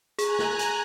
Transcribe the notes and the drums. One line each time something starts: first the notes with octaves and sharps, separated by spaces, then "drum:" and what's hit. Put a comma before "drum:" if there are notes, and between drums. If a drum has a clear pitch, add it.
G#4 G#5 A#5 F#6, drum: hi-hat
drum: snare
drum: hi-hat